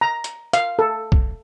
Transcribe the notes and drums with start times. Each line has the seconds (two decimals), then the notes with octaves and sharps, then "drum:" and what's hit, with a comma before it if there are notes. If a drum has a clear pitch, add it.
0.01 A#5
0.24 drum: hi-hat
0.53 F5, drum: hi-hat
0.79 A4
1.12 drum: kick B1